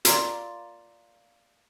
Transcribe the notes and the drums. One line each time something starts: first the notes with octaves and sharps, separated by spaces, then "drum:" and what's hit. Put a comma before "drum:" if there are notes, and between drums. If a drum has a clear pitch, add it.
A#3 F4 A#4 D5, drum: hi-hat